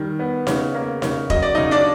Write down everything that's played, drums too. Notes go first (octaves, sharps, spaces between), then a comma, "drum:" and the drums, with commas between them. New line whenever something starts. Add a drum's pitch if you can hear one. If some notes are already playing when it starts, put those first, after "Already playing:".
Already playing: D#3 G3
B3
C#3, drum: snare D#4
A#3
C#3, drum: snare D#4
F#3 D#5, drum: kick E1
D5
C#3 D#4 D#5
D4 D5